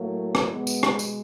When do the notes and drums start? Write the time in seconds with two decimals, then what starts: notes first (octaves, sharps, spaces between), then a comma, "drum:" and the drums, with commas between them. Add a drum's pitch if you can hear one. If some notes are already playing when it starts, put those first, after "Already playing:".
Already playing: A2 F#3 A3 A#3
0.35 drum: rim click
0.51 B2 G#3 B3
0.67 drum: tambourine
0.83 drum: rim click
0.99 drum: tambourine